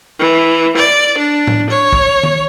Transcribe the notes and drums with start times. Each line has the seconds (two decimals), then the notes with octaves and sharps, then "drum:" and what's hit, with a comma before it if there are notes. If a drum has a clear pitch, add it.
0.19 E3
0.77 D5
1.18 D4
1.47 drum: tom A2
1.70 C#5
1.93 drum: kick
2.23 drum: tom